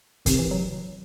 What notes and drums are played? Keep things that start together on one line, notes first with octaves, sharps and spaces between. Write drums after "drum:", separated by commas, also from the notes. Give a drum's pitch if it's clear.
C3 D#3, drum: kick F#1, hi-hat
E3
F#3